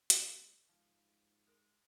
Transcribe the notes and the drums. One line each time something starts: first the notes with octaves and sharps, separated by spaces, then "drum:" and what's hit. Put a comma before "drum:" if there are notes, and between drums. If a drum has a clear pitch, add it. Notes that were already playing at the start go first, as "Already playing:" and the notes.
C#2, drum: hi-hat
G#2 F3
G#3 A#4